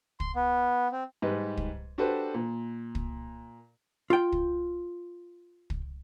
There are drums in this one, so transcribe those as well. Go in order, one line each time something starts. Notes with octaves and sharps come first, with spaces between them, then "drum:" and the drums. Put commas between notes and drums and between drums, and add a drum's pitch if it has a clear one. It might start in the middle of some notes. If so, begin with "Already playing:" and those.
C6, drum: kick
B3
C4
G#2 G3 B4 D#5
drum: kick
D4 F#4 G4 A4 B4 C5
A#2
drum: kick
F4 G5
drum: kick
drum: kick